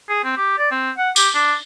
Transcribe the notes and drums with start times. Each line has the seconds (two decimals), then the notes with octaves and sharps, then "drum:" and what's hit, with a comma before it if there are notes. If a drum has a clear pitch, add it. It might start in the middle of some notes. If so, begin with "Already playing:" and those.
0.09 G#4
0.24 C4
0.37 G4
0.58 D5
0.71 C4
0.97 F#5
1.16 G4, drum: tambourine
1.35 D4